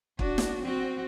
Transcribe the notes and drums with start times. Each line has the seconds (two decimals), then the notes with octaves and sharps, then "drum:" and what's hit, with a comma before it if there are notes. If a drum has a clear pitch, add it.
0.19 D4 F#4, drum: kick
0.38 drum: snare
0.64 C4 F#4